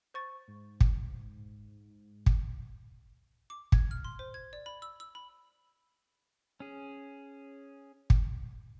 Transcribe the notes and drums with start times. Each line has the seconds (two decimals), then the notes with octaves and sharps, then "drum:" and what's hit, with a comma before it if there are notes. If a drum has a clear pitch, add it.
0.14 C5 C#6 A6
0.48 G#2
0.81 drum: kick
2.26 drum: kick
3.50 D6
3.72 G#6, drum: kick
3.91 F6
4.04 C6
4.19 C5
4.34 G#6
4.53 D5
4.66 B5
4.82 E6
5.00 E6
5.15 B5
6.60 C#4 G#4
8.10 drum: kick